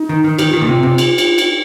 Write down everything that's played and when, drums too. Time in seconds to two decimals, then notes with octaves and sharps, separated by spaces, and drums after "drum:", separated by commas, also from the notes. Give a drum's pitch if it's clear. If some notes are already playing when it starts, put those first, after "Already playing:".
Already playing: D#4
0.09 D#3
0.24 D#3
0.39 D#3 G4, drum: cymbal
0.48 F4
0.54 D#3 D#4
0.62 A#2
0.67 C3 F4
0.83 C3
0.98 drum: cymbal
1.18 drum: cymbal
1.38 drum: cymbal